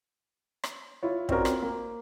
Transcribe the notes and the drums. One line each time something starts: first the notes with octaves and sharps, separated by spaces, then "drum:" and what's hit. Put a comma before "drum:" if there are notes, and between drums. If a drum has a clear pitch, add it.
drum: rim click
E4 F4 C#5
C4 C#4 F4 F#4 A#4 D5, drum: kick
drum: rim click
A#3